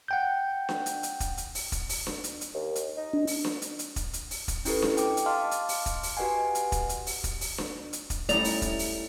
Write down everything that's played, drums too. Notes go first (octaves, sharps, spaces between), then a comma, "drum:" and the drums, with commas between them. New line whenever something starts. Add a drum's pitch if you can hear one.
F#5 G5 G6
drum: snare D4
drum: hi-hat
drum: hi-hat
drum: kick, hi-hat
drum: hi-hat
drum: open hi-hat
drum: kick, hi-hat
drum: open hi-hat
drum: snare D4
drum: hi-hat
drum: hi-hat
D#2
drum: hi-hat
D#4
D4
drum: open hi-hat
drum: snare D4
drum: hi-hat
drum: hi-hat
drum: kick, hi-hat
drum: hi-hat
drum: open hi-hat
drum: kick, hi-hat
C#4 E4 G4 A4 B4, drum: open hi-hat
drum: snare D4
G5 D6, drum: hi-hat
drum: hi-hat
D#5 F5 A5 C6 D6 F6
drum: hi-hat
drum: open hi-hat
drum: kick, hi-hat
drum: open hi-hat
F#4 G4 B4 D#5 F#5 G#5
drum: hi-hat
drum: kick, hi-hat
drum: hi-hat
drum: open hi-hat
drum: kick, hi-hat
drum: open hi-hat
drum: snare D4
drum: hi-hat
drum: kick, hi-hat
G3 A3 C#4 D#4 E4 D5 A#5, drum: hi-hat
drum: open hi-hat
drum: kick, hi-hat
drum: open hi-hat